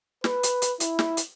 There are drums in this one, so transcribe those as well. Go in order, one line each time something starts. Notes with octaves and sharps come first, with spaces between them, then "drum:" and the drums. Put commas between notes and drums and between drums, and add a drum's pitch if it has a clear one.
B4, drum: snare
drum: hi-hat
drum: hi-hat
E4, drum: hi-hat
drum: snare
drum: hi-hat